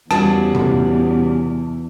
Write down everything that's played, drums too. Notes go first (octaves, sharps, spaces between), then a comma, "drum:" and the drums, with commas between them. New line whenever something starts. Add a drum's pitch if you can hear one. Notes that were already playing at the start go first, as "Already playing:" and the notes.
E2 C#3 G3 F#4 A5, drum: rim click
drum: tom C3